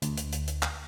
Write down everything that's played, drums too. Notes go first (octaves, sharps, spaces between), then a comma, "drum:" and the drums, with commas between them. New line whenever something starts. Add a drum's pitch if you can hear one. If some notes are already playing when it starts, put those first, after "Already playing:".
D2, drum: hi-hat
drum: hi-hat
drum: hi-hat
drum: hi-hat
drum: clap